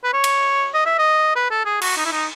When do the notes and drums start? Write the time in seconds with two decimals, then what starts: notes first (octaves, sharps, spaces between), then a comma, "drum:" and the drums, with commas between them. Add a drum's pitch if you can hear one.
0.04 B4
0.13 C#5
0.24 drum: cymbal
0.74 D#5
0.86 E5
0.99 D#5
1.36 B4
1.51 A4
1.66 G#4
1.82 F#4, drum: cymbal
1.97 D#4
2.05 E4
2.12 D#4